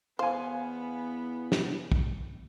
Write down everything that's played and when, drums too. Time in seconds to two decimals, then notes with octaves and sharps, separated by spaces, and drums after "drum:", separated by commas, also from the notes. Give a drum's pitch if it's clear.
0.19 E2 B3 C5 F5 G#5
1.52 drum: snare
1.92 drum: kick